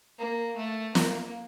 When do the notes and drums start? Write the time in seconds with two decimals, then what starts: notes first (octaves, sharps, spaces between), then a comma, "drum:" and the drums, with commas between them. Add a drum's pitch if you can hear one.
0.19 A#3
0.57 A3
0.95 A#3, drum: snare